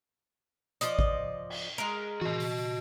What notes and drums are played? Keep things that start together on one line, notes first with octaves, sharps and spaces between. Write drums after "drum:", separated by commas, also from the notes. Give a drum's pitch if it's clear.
F3 D5 D#5, drum: hi-hat
drum: kick A1
drum: cymbal
G#3 A#4
F#4 D#5, drum: tom E3
drum: open hi-hat